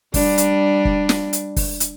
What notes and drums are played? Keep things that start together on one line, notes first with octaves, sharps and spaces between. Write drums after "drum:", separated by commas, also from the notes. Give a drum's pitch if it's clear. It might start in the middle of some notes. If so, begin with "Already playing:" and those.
G3 D4, drum: kick, open hi-hat
drum: hi-hat
drum: kick
drum: snare
drum: hi-hat
drum: kick, open hi-hat
drum: hi-hat